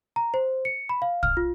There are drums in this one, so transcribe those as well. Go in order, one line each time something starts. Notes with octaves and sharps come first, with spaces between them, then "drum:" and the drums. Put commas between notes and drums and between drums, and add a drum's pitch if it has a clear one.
A#5
C5
C#7
B5
F5
F6, drum: kick
F4